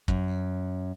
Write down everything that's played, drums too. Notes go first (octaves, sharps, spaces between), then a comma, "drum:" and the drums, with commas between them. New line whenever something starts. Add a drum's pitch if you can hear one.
F#2, drum: kick